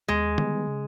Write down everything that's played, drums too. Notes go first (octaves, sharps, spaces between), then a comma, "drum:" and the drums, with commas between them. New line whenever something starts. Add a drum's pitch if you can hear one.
D#2 G#3
D#3 G3 B3, drum: tom D3
C#3